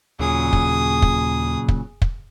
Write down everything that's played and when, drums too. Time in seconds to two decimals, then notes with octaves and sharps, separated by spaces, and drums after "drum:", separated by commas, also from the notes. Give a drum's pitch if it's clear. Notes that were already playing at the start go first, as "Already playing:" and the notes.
0.20 D#2 A#2 C#3 F#3 G#4 D#6
0.53 drum: kick
1.02 drum: kick
1.68 drum: kick
2.02 drum: kick